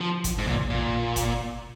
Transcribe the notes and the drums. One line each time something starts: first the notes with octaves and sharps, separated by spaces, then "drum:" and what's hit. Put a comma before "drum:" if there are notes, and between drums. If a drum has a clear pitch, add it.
F3
drum: kick G1, hi-hat
G#2
A#2, drum: tom A#1
A#2
drum: kick G1, hi-hat